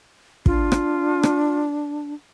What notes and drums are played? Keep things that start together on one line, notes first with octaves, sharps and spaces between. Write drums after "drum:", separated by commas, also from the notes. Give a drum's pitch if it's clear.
D4 F4, drum: kick
drum: rim click
drum: rim click